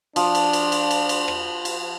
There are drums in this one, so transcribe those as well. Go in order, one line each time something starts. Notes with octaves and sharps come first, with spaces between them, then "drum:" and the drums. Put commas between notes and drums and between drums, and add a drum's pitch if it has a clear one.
F3 D4, drum: cymbal
drum: cymbal
drum: cymbal
drum: cymbal
drum: cymbal
drum: cymbal
drum: rim click
drum: cymbal